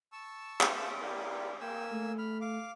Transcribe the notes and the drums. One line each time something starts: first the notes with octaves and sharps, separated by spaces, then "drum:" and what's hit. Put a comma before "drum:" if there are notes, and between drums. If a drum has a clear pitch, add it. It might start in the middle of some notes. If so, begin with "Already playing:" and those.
A5 C#6 E6
drum: clap
E4 G4 A#4 D5
A#3 G5 G#5 E6
A3
B5 F6
F5 D6